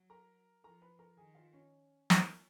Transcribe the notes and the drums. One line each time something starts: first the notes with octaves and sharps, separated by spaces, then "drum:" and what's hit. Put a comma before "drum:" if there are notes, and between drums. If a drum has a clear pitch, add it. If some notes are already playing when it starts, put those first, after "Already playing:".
Already playing: F#3
A#4 A#5
F3 A#4 A#5
B4 B5
A#4 A#5
D#3 G#4 G#5
F4 F5
C#4 C#5
drum: snare